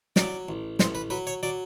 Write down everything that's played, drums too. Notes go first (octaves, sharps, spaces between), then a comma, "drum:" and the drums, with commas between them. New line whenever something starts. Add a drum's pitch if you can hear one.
F#3 D5, drum: snare
A1
A1 C5, drum: snare
B4
F#3 B4
C#5
F#3 D5